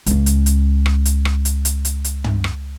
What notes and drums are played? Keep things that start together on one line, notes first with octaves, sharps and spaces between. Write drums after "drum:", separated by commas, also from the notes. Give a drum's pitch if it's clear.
C#2 C#4, drum: hi-hat
drum: hi-hat
drum: hi-hat
drum: rim click
drum: hi-hat
drum: rim click
drum: hi-hat
drum: hi-hat
drum: hi-hat
drum: hi-hat
drum: tom
drum: rim click